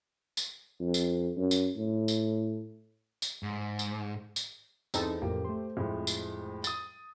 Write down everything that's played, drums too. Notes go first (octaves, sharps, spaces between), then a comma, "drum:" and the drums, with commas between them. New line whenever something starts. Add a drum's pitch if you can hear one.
drum: tambourine
F2
drum: tambourine
F#2
drum: tambourine
A2
drum: tambourine
drum: tambourine
G#2
drum: tambourine
drum: tambourine
E2 C4 D#4 A4, drum: tambourine
A1 F2 A#3 G4
A3 C5
F2 A2 G#3
drum: tambourine
D#6 A6, drum: tambourine